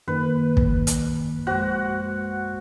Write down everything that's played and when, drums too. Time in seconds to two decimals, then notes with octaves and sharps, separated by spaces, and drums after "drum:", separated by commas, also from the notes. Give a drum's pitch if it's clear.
0.08 F#2 D#3 A#3 B4
0.57 drum: kick
0.87 drum: hi-hat
1.47 A#1 F#2 G#3 F#4 C5 F#6